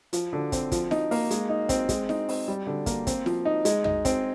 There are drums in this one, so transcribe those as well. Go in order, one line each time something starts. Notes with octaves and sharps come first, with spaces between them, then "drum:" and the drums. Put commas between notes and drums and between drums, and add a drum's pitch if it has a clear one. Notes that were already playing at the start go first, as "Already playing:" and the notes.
F3, drum: hi-hat
D3
C4, drum: kick, hi-hat
F3, drum: kick, hi-hat
D#4, drum: snare E4
A#3, drum: open hi-hat
G#3, drum: hi-hat
D#4
C4, drum: kick, hi-hat
G#3, drum: kick, hi-hat
D#4, drum: snare E4
C4, drum: open hi-hat
G3
D3
A#3, drum: kick, hi-hat
C4, drum: kick, hi-hat
F3, drum: snare E4
D#4
G#3, drum: hi-hat
D#4, drum: tom
C4, drum: kick, hi-hat